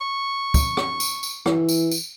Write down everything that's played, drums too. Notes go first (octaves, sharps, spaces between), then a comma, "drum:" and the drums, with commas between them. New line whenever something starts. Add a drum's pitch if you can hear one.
C#6
drum: kick, tambourine
drum: rim click
drum: tambourine
drum: tambourine
E3, drum: rim click
drum: tambourine
drum: tambourine